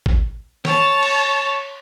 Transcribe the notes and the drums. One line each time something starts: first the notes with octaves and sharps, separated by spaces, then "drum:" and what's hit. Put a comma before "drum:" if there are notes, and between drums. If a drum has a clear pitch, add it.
drum: kick G#1
C#5 A5, drum: snare
drum: cymbal